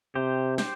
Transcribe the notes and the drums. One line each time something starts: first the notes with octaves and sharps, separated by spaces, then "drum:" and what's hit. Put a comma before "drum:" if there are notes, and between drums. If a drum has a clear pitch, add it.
C3 G4 C5
G4 C5, drum: snare